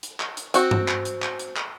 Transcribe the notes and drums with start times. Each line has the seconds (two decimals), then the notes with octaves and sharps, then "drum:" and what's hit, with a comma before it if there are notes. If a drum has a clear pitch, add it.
0.03 drum: hi-hat
0.20 drum: clap
0.37 drum: hi-hat
0.54 C4 F#4, drum: hi-hat
0.71 drum: tom G2
0.88 drum: clap
1.05 drum: hi-hat
1.22 drum: clap
1.39 drum: hi-hat
1.56 drum: clap